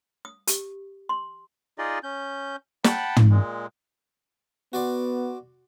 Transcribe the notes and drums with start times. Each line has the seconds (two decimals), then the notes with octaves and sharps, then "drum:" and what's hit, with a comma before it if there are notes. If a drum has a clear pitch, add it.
0.25 D#6
0.47 G4, drum: hi-hat
1.09 C6
1.78 D#4 F4 G#4 D5 D#5
2.03 C#4 G6
2.84 F#5 G5 A5 B5, drum: snare
3.16 drum: tom
3.30 A#2 G#3
4.73 B3 F#4 D5 C6